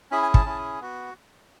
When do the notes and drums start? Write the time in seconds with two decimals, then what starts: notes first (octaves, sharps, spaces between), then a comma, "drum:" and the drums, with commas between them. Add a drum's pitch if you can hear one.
0.11 C#4 E4 G#4 B5
0.23 G#5
0.34 A5, drum: kick
0.45 C#4 E4 G#4
0.80 B3 F#4